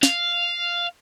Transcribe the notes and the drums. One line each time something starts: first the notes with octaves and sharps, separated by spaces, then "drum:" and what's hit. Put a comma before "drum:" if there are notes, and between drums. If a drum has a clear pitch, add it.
F5, drum: snare